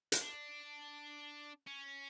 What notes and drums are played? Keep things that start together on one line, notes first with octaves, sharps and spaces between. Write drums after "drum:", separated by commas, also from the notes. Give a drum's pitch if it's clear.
drum: hi-hat
D4
C#4